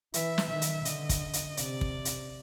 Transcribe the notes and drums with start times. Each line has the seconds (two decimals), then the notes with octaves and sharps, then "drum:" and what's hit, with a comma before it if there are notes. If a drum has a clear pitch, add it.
0.14 E3 E5, drum: hi-hat
0.38 drum: snare
0.49 D#3 E5
0.62 drum: hi-hat
0.85 D3 D#5, drum: hi-hat
1.09 drum: kick, hi-hat
1.33 drum: hi-hat
1.57 C3 D5, drum: hi-hat
1.81 drum: kick
2.05 drum: hi-hat